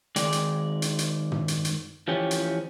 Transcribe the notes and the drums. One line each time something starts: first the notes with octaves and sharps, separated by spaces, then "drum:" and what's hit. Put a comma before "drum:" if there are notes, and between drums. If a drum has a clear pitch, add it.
D#3 G#3 D5, drum: hi-hat
drum: hi-hat
drum: hi-hat
drum: hi-hat
drum: tom
drum: hi-hat
drum: hi-hat
E3 F3 C#4 G4
drum: hi-hat